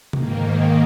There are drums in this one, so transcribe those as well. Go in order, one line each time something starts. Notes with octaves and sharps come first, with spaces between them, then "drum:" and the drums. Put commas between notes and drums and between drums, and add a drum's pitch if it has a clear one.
G#2 D#3 A#3, drum: tom C3